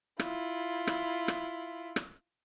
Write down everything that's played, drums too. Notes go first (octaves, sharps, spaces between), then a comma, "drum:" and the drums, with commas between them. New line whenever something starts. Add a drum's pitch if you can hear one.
E4 F4, drum: rim click
drum: rim click
drum: rim click
drum: rim click